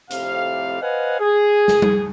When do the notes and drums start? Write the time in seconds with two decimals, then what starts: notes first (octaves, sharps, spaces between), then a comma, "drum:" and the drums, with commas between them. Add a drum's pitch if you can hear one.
0.11 F2 A2 C3 G3 F5, drum: hi-hat
0.82 B4 C5 D#5 F5 F#5 G#5
1.20 G#4
1.68 drum: snare
1.82 drum: tom G3